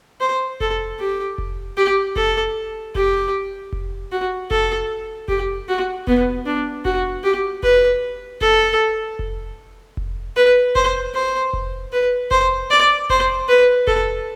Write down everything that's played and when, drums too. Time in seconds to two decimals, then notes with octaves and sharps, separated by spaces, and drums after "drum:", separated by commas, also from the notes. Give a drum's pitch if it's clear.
0.21 C5
0.60 A4, drum: kick F1
0.99 G4
1.38 drum: kick F1
1.77 G4
2.16 A4, drum: kick F1
2.95 G4, drum: kick F1
3.73 drum: kick F1
4.12 F#4
4.51 A4, drum: kick F1
5.28 G4, drum: kick F1
5.68 F#4
6.07 B3, drum: kick F1
6.46 D4
6.85 F#4, drum: kick F1
7.24 G4
7.63 B4, drum: kick F1
8.41 A4, drum: kick F1
9.19 drum: kick F1
9.97 drum: kick F1
10.36 B4
10.75 C5, drum: kick F1
11.14 C5
11.53 drum: kick F1
11.92 B4
12.31 C5, drum: kick F1
12.70 D5
13.10 C5, drum: kick F1
13.49 B4
13.87 A4, drum: kick F1